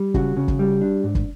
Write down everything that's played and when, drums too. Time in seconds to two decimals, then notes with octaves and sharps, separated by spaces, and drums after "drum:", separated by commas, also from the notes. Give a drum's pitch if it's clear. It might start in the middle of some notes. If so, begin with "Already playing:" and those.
Already playing: G3
0.14 C#3 F#4, drum: kick
0.37 C#3
0.48 drum: kick
0.59 G3
0.81 D4
1.04 G#2
1.15 drum: kick